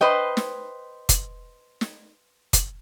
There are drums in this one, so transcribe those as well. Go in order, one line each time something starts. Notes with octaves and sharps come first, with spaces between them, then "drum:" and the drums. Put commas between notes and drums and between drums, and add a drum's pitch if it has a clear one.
B4 C5 D#5 G5
drum: snare
drum: kick F#1, hi-hat
drum: snare
drum: kick F#1, hi-hat